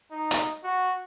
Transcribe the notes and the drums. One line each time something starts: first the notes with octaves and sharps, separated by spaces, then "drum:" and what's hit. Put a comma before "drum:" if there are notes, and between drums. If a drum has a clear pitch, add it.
D#4
drum: hi-hat
F#4